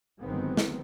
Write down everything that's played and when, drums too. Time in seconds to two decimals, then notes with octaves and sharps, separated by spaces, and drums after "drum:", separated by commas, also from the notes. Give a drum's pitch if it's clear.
0.21 G1 D#3 F#3 G#3 B3 C4
0.57 drum: snare